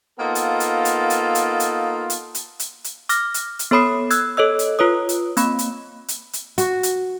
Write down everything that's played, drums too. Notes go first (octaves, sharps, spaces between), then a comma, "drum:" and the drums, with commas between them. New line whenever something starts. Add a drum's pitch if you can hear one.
A#3 B3 D#4 F4 A4
drum: hi-hat
drum: hi-hat
drum: hi-hat
drum: hi-hat
drum: hi-hat
drum: hi-hat
drum: hi-hat
drum: hi-hat
drum: hi-hat
drum: hi-hat
D6 F6 A#6, drum: hi-hat
drum: hi-hat
drum: hi-hat
B3 A4 C#5 B5 D#6 C7
E6 F#6 G#6, drum: hi-hat
A4 C#5 D#5 E6
drum: hi-hat
F4 B4 C#5 D#6
drum: hi-hat
A#3 C4 B5, drum: hi-hat
drum: hi-hat
drum: hi-hat
drum: hi-hat
F#4, drum: hi-hat
drum: hi-hat